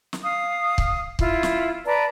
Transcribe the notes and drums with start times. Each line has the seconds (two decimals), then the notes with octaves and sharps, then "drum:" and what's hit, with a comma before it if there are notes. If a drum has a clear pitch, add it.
0.13 drum: snare
0.23 F5 D#6
0.78 drum: kick
1.19 E4 F4, drum: kick
1.43 drum: snare
1.86 B4 D5 A5 A#5